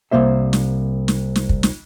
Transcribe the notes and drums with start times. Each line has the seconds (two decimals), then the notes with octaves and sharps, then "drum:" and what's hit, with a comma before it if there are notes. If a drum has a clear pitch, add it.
0.11 C2 E3 A#3 C5 E5
0.53 drum: snare
1.08 drum: snare
1.36 drum: snare
1.49 drum: kick
1.63 drum: snare